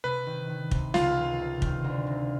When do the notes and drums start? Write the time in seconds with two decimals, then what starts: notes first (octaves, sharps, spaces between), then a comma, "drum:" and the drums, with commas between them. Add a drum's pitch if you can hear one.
0.04 C3 B4
0.27 D#3
0.49 D#3
0.71 C3, drum: kick
0.94 C#2 F4 F5, drum: snare
1.18 D#3
1.39 C3
1.62 D#3, drum: kick
1.84 D2
2.07 C3